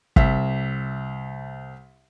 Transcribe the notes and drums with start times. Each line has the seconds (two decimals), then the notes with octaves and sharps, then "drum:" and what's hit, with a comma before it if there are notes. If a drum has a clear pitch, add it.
0.16 C2 E5, drum: kick